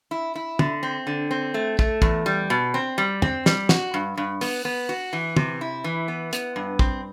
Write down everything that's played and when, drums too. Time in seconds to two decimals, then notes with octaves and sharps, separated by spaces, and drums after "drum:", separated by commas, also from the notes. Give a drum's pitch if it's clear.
0.11 E4
0.35 E4
0.59 D3, drum: tom
0.83 C4
1.07 D3
1.31 C4
1.54 A3
1.79 A3, drum: kick
2.02 E2, drum: kick
2.26 G3
2.50 B2
2.74 C4
2.98 G3
3.22 C4, drum: tom
3.46 G3, drum: snare
3.69 F#4, drum: snare
3.94 G2
4.17 G2
4.41 B3, drum: open hi-hat
4.65 B3
4.89 F#4
5.13 E3
5.37 C3, drum: tom
5.61 E4
5.84 E3
6.08 B3
6.33 B3, drum: hi-hat
6.56 G2
6.79 C4, drum: kick